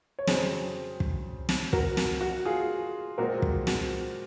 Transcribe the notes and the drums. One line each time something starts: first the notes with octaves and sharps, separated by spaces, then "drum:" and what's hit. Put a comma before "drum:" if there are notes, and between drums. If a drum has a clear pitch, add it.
C#5
F2 C#3 F#3 C4 G#4 C5, drum: snare
drum: kick
drum: snare
F#4 A#4, drum: kick
drum: snare
F#4
F4 G#4
A#2 G#3 C4 F#4 A#4
drum: kick
F#4, drum: snare